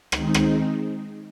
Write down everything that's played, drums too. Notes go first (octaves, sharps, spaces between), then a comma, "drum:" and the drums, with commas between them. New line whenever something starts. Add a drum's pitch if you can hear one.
D#3 G#3 C4 D#4, drum: rim click
drum: rim click